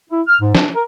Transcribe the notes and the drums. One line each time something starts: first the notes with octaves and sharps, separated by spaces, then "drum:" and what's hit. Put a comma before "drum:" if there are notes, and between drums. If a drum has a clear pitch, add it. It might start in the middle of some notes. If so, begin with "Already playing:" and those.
E4
F6
G#2
D4, drum: snare
A#4